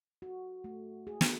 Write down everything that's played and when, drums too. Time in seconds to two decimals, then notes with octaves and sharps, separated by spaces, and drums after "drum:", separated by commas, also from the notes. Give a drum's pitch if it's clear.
0.22 F#4
0.64 A3
1.07 G#4
1.21 drum: snare